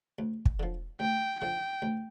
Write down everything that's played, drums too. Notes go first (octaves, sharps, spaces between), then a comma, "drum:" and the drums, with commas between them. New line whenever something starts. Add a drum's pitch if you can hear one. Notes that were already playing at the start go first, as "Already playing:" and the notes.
D2
drum: kick
D3 F3
D2 G5
D3 F3 G5
D2